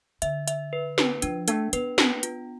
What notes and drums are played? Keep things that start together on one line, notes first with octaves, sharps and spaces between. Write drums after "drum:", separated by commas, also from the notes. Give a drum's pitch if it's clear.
D3 E5, drum: hi-hat
E5, drum: hi-hat
B4
B4, drum: snare
F3 D4, drum: hi-hat
A3 D4, drum: hi-hat
B3 B4, drum: hi-hat
D4, drum: snare
F4, drum: hi-hat